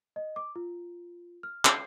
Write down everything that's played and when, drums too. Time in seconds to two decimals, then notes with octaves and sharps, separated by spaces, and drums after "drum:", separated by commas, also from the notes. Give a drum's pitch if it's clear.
0.16 D#5
0.36 D6
0.56 F4
1.43 F6
1.65 C7, drum: clap